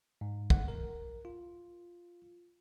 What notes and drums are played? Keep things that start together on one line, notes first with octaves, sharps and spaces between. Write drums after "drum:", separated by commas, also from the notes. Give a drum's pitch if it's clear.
G#2
F#5, drum: kick
A#4
F4